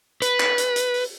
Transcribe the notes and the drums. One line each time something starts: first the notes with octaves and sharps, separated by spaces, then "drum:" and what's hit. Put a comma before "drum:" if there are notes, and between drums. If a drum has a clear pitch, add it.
B4, drum: hi-hat
drum: clap
drum: hi-hat
drum: hi-hat
drum: open hi-hat